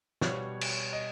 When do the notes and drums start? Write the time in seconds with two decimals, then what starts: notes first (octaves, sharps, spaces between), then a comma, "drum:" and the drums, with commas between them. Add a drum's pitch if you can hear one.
0.21 B2 G3 C#5, drum: snare
0.61 drum: cymbal
0.93 D#5